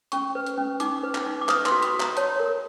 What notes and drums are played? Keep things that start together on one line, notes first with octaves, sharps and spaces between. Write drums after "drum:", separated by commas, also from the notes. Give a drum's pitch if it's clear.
C#4 C#6, drum: hi-hat
B4
drum: hi-hat
C#4
D#4 D6, drum: hi-hat
B4
drum: clap
D#4
D6
B4 D#6, drum: clap
C6, drum: clap
F#4
B5, drum: hi-hat
F#4
A#5, drum: clap
C#5 A5, drum: hi-hat
A#4